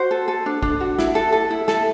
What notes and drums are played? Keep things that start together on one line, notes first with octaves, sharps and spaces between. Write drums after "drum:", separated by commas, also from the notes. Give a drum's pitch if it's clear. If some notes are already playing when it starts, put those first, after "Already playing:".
Already playing: F#4 C5
A4
A4
D4
D4, drum: kick
F#4
E4, drum: snare
A4
A4
E4
A4, drum: snare